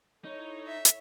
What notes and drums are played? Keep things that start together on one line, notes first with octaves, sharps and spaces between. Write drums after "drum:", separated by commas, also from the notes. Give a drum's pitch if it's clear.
D#4 E4 A4 C#5
E5
drum: hi-hat